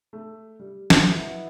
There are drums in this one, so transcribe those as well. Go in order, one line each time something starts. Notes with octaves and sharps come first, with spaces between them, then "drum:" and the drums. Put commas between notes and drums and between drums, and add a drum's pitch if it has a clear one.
A3
G3
drum: snare
B2 F3 B3 E4